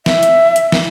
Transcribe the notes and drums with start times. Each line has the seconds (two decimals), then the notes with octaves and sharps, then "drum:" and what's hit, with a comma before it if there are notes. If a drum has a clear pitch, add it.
0.06 E5, drum: snare
0.23 drum: hi-hat
0.56 drum: hi-hat
0.72 drum: snare